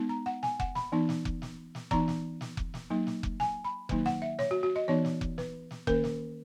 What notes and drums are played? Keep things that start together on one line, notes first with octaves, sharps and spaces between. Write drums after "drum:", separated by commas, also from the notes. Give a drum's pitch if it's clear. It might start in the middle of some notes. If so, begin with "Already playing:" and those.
Already playing: G#3 B3 D#4
A#5
F#5
G#5, drum: snare
F#5, drum: kick F1
B5, drum: snare
E3 B3 D#4
drum: snare
drum: kick F1
drum: snare
drum: snare
E3 B3 D#4 A#5, drum: kick F1
drum: snare
drum: snare
drum: kick F1
drum: snare
F#3 A#3 D#4
drum: snare
drum: kick F1
G#5, drum: snare
B5
D#3 F#3 A#3 D#4, drum: kick F1
F#5, drum: snare
E5
C#5, drum: snare
F#4
F#4
D#5
E3 B3 D#4 C#5
drum: snare
drum: kick F1
B4, drum: snare
drum: snare
D#3 A#3 C#4 A#4, drum: kick F1
drum: snare